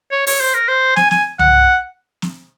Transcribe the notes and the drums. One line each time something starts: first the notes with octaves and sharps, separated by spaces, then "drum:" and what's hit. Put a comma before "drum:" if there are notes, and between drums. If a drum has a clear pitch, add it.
C#5
C#5, drum: open hi-hat
C5
A#4
C5
G#5, drum: snare
G#5, drum: snare
F#5, drum: tom C2
drum: snare